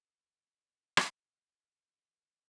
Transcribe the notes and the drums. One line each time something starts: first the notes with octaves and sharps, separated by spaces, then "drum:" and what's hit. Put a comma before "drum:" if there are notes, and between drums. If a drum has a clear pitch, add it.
B2 G3 B3
drum: rim click
D2 C3 E3 B3 D4